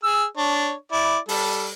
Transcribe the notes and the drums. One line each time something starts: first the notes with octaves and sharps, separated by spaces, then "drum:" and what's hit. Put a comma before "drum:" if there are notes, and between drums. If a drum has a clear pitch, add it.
G#4 E6
D4 C#5
E4 D5
G3 A4, drum: open hi-hat